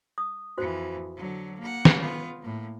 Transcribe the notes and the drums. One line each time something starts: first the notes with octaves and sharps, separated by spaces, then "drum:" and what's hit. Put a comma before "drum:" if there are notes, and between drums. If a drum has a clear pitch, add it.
D#6
F2 E3 F#4 C5
D3 F#3
A#3 F#5
drum: snare
B3 F4
A2 A#3